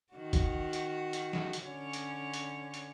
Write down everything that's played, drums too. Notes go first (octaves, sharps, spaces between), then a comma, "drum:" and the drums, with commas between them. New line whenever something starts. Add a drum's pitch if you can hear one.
D#3 F#4
drum: kick G1, hi-hat
drum: hi-hat
drum: hi-hat
drum: snare
drum: hi-hat
D3 C#4 C#5
drum: hi-hat
drum: hi-hat
drum: hi-hat